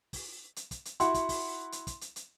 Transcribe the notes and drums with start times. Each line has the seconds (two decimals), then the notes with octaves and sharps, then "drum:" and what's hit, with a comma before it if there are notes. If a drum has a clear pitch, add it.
0.13 drum: kick, open hi-hat
0.56 drum: hi-hat
0.71 drum: kick, hi-hat
0.85 drum: hi-hat
1.00 E4 F#4 F#5 C6, drum: hi-hat
1.14 drum: kick, hi-hat
1.29 drum: kick, open hi-hat
1.72 drum: hi-hat
1.87 drum: kick, hi-hat
2.01 drum: hi-hat
2.16 drum: hi-hat